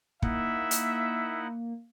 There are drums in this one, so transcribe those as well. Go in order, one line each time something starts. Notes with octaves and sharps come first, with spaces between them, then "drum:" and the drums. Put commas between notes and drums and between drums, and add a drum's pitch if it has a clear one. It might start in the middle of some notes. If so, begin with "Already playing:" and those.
A#3 D#4 E4 E5 F#5, drum: kick
drum: hi-hat